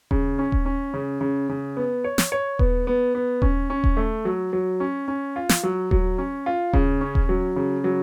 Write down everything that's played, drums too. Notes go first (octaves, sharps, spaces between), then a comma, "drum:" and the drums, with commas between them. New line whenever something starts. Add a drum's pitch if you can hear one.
C#3, drum: kick D#1
C#4
drum: kick D#1
C#4
C#3
C#3
C#3
B3
C#5
drum: snare
C#5
B3, drum: kick D#1
B3
B3
C#4, drum: kick D#1
C#4
drum: kick D#1
A3
F#3
F#3
C#4
C#4
F4
drum: snare
F#3
F#3, drum: kick D#1
C#4
F4
C#3, drum: kick D#1
C#4
drum: kick D#1
F#3
C#3
F#3